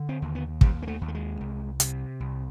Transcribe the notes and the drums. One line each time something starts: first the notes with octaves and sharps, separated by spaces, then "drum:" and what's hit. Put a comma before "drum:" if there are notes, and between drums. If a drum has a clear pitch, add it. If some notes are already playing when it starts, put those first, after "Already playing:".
Already playing: D3
C4
D#2
B3
D#2 G3, drum: kick
A#3
A3
D#2
A3
G#3
C2
C3, drum: hi-hat
C2